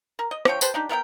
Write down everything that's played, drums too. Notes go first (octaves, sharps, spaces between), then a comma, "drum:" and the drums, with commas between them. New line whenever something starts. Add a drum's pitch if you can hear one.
A#4
D#5
D3 F3 C#5 G5, drum: rim click
G4 B4 C5 A5, drum: tambourine
D4 D#4 G4
B3 A#4 E5 G5